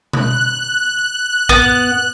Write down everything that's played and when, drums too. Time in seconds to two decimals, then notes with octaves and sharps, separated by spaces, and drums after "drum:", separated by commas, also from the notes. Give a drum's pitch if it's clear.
0.13 F#6, drum: tom B2
1.49 B3, drum: kick